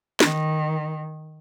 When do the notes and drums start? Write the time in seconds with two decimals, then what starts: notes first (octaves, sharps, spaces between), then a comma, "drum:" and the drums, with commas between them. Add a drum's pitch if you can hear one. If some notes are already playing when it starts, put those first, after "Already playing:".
0.20 D#3, drum: snare